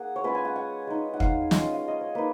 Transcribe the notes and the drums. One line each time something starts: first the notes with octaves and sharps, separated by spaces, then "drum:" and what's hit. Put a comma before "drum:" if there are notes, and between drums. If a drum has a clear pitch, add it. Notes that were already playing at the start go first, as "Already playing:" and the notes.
Already playing: A#3 G#4 F#5
C#5
G#3 C#4 F4 B4
G#5
F#5
F#5
G#3 D#4
F#5
F5, drum: kick
G#3 C#4 F4 D#5, drum: snare
F5
D#5
C#5
A#3 D#4 B4